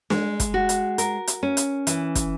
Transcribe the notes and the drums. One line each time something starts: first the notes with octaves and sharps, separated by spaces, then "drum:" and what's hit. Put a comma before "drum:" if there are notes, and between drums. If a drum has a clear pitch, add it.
G#3, drum: snare
drum: kick, hi-hat
F#4
drum: hi-hat
A#4, drum: hi-hat
drum: hi-hat
C#4
drum: hi-hat
E3, drum: hi-hat
drum: kick, hi-hat